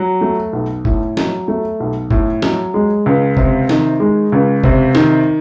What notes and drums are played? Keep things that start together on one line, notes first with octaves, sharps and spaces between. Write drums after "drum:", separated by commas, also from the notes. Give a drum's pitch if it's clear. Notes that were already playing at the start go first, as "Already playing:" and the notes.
Already playing: F#3
A3
B1
A2, drum: kick
F#3, drum: snare
A3
B1
A2, drum: kick
F#3, drum: snare
G#3
C#2
C3, drum: kick
D#3, drum: snare
G#3
C#2
C3, drum: kick
D#3, drum: snare